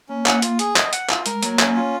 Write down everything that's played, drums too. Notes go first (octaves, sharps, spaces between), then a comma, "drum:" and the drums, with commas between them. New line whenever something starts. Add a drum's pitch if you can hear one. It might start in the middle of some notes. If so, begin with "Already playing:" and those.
A#3 C#4
A#3 F#5, drum: clap
F4, drum: hi-hat
G#4, drum: hi-hat
D#5, drum: clap
F#5, drum: hi-hat
F4, drum: clap
G#3 A#4, drum: hi-hat
F#3 A#3, drum: hi-hat
A#3 C#4, drum: clap
F4